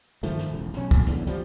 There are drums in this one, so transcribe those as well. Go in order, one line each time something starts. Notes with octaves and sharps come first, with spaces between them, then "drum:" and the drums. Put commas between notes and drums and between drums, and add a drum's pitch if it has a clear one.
G2 D#3 F3 A3, drum: hi-hat
drum: hi-hat
E1 A1
B1 C#4, drum: hi-hat
drum: kick
F#1 E2 A2 D3, drum: hi-hat
F3 G3, drum: hi-hat